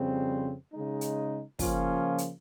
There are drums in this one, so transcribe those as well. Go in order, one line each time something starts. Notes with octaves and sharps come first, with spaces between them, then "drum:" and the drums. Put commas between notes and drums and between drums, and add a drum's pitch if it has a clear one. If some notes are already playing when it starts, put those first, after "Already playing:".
Already playing: F2 C#3 G3 C4
C#3 G#3 D#4
drum: hi-hat
C#3 F3 A#3 C#4 F4, drum: kick, open hi-hat
drum: hi-hat